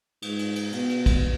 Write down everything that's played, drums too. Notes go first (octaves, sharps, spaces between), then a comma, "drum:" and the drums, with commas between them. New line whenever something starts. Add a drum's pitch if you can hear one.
G#2, drum: cymbal
drum: cymbal
drum: cymbal
B2, drum: cymbal
drum: cymbal
drum: kick, cymbal